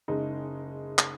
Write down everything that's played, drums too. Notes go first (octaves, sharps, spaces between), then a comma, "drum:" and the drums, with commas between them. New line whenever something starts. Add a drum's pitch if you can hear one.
F#1 G#3 D#4
drum: clap